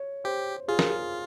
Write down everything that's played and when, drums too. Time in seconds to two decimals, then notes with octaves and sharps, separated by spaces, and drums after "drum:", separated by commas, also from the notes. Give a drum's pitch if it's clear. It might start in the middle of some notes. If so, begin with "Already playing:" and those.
Already playing: C#5
0.24 G4 C5
0.68 F4 G#4
0.79 A#4, drum: snare
0.90 G#4